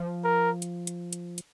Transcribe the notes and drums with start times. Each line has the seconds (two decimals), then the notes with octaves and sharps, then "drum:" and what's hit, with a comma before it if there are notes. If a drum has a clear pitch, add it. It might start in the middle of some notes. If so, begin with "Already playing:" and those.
Already playing: F3
0.24 A#4
0.62 drum: hi-hat
0.87 drum: hi-hat
1.13 drum: hi-hat
1.38 drum: hi-hat